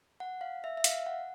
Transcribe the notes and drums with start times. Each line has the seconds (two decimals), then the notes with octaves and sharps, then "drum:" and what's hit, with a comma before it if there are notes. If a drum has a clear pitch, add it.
0.20 F#5
0.41 F5
0.64 E5
0.77 E5
0.84 F5, drum: hi-hat
1.07 F#5